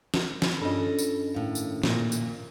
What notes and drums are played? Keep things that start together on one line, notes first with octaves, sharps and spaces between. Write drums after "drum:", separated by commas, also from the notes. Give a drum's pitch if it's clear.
drum: snare
drum: snare
G2 C#4 D4 F4 A4 D#5 B5
drum: tambourine
A2 D#3 F5
drum: tambourine
A#2, drum: snare
drum: tambourine